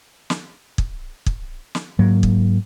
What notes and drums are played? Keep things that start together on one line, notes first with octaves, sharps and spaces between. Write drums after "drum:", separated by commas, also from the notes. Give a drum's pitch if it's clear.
drum: snare
drum: kick
drum: kick
drum: snare
G#2 F#3 A#3
drum: kick